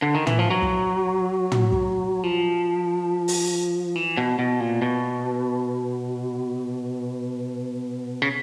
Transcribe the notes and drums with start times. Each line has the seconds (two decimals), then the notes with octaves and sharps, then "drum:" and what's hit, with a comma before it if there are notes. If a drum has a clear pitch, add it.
0.02 D3
0.15 D#3
0.27 E3, drum: tom
0.39 F3
0.50 F#3
0.62 drum: kick
1.52 drum: tom
1.72 drum: kick
2.23 F3
3.28 drum: open hi-hat
3.96 E3
4.17 B2
4.39 B2
4.60 A#2
4.82 B2
8.22 C#3